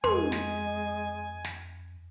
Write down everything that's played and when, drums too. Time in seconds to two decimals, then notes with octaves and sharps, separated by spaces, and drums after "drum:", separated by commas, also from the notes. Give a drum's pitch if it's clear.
0.04 F2 G#3 G#5 C6, drum: tom
0.32 drum: snare
1.44 drum: snare